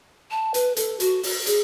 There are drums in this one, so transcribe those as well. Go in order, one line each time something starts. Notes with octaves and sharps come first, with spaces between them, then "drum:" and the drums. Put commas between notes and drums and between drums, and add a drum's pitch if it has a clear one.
A5
B4, drum: hi-hat
A4, drum: hi-hat
F#4, drum: hi-hat
drum: open hi-hat
G#4, drum: hi-hat